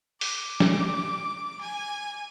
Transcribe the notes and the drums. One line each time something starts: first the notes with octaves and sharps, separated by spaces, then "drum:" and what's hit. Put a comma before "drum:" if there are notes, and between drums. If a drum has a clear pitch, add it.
D6, drum: open hi-hat
drum: snare
G#5